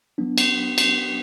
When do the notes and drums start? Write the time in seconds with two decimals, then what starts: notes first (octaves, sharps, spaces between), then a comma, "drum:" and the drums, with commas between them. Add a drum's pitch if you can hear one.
0.18 F#3 B3 D4
0.38 drum: cymbal
0.78 drum: cymbal